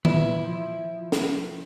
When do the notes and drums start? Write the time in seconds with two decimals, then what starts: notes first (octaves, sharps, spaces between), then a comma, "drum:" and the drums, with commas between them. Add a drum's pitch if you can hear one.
0.05 A#2 E4 B4, drum: tom D#3
0.44 F3
1.12 drum: snare